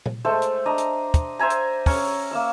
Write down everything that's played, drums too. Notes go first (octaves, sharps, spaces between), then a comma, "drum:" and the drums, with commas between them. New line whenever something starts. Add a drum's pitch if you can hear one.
drum: tom A#2
G#3 A3 C5 E5
drum: hi-hat
D4 D#5 A#5
drum: hi-hat
drum: kick, hi-hat
C5 E5 G#5 A#5
drum: hi-hat
C#4 A#5 C#6 E6, drum: kick, open hi-hat
A#3 E5 E6